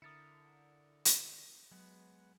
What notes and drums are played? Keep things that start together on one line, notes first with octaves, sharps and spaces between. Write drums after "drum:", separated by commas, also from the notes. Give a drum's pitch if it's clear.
D3 E4 A#4 D#6 A6 C#7
drum: hi-hat
F#3 G#3 B3 B4